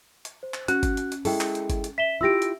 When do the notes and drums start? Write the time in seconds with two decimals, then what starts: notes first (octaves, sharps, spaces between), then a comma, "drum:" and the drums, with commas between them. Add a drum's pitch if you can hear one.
0.25 drum: hi-hat
0.43 C5
0.54 drum: clap
0.68 C#4 F#4 F#6, drum: hi-hat
0.83 drum: kick G1, hi-hat
0.97 drum: hi-hat
1.12 drum: hi-hat
1.25 G#3 E4 G#4 A4 G5, drum: open hi-hat
1.41 drum: clap
1.55 drum: hi-hat
1.70 drum: kick G1, hi-hat
1.84 drum: hi-hat
1.98 E5 B6 E7 G7
2.21 E4 F4 G4 E6 A#6 D7
2.42 drum: hi-hat